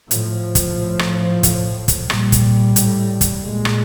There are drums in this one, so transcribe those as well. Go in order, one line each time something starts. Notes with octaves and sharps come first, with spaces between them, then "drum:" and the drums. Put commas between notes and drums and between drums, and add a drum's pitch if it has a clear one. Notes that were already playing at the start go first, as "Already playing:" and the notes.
A2 F3, drum: hi-hat
drum: kick, hi-hat
A2
drum: rim click
A2, drum: kick, hi-hat
drum: kick, hi-hat
A#2 G3, drum: rim click
drum: kick, hi-hat
A2, drum: hi-hat
drum: kick, hi-hat
A#2 G#3
drum: rim click